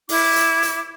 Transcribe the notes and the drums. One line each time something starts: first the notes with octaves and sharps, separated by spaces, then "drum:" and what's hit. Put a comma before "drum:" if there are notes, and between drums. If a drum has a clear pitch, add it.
E4 D6, drum: open hi-hat
drum: hi-hat
drum: hi-hat